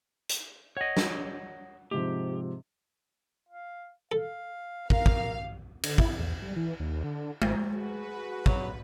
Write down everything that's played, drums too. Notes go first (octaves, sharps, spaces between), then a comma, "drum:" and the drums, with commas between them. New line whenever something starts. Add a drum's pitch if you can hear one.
drum: hi-hat
C#5 D#5 F#5
drum: snare
G#2 C3 F3 G4
F5
A4 F5
A#4 F5, drum: kick
drum: kick
D3, drum: cymbal
E4, drum: kick
E2
G3
E3
D#2
D3
G#1, drum: tom G#3
F#4 G#4 B4
F#3, drum: kick